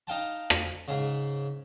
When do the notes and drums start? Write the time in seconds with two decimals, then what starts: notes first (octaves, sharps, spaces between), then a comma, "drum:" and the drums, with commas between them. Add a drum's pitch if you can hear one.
0.07 D#4 F5 G5 A5
0.50 drum: rim click
0.88 G#2 C#3